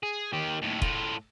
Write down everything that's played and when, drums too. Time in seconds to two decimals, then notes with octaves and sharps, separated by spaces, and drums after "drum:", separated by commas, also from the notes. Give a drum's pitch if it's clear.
0.03 G#4
0.33 D#3 G4
0.62 D#2 A2
0.82 A2 F4, drum: kick